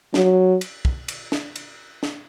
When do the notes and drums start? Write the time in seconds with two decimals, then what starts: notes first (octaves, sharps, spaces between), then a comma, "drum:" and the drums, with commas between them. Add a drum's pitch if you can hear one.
0.14 F#3, drum: snare
0.61 drum: cymbal
0.85 drum: kick
1.08 drum: cymbal
1.32 drum: snare
1.56 drum: cymbal
2.03 drum: snare